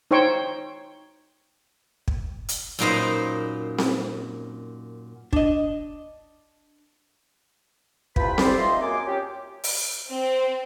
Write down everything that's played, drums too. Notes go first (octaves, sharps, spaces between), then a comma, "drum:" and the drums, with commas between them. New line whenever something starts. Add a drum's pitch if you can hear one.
D#4 C5 C#5 G5 C#6
drum: kick
drum: hi-hat
F#2 A#2 B3 D#4 C5
drum: snare C4
D4 D#5, drum: kick
C2 F4 B4 G5 B5, drum: kick
F3 C4 G4 A4 C5 D5, drum: snare C4
D#4 F4 D#5 E5 C6
F#2 A#3 G#4 G#5 D6
C#4 F4 G4
drum: open hi-hat
C4